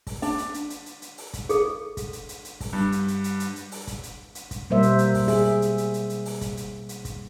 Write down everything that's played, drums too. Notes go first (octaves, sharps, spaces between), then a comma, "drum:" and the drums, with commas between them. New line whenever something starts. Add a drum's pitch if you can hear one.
drum: kick, open hi-hat
D4, drum: open hi-hat
drum: hi-hat
drum: hi-hat
drum: hi-hat
drum: hi-hat
drum: hi-hat
drum: open hi-hat
drum: kick, hi-hat
G#4 A4, drum: hi-hat
drum: kick, hi-hat
drum: hi-hat
drum: hi-hat
drum: hi-hat
drum: kick, open hi-hat
G2
drum: hi-hat
drum: hi-hat
drum: hi-hat
drum: hi-hat
drum: hi-hat
drum: open hi-hat
drum: kick, hi-hat
drum: hi-hat
drum: hi-hat
drum: kick, hi-hat
B2 G3 A#3 A#4 C5 E5
drum: hi-hat
drum: hi-hat
drum: kick, open hi-hat
G#4 E5, drum: open hi-hat
drum: hi-hat
drum: hi-hat
drum: hi-hat
drum: hi-hat
drum: open hi-hat
drum: kick, hi-hat
drum: hi-hat
drum: hi-hat
drum: kick, hi-hat